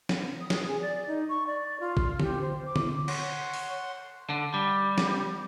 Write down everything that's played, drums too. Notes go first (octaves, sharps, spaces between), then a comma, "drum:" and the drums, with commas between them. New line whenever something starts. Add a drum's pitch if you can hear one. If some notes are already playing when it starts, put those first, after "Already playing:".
drum: snare
D#6
drum: snare
G#4
D5
D#4
C#6
D5
F4
drum: kick
G4, drum: tom D3
C5
D6
drum: tom D3
C#5 F#5 C6, drum: cymbal
drum: open hi-hat
D3
G3
drum: snare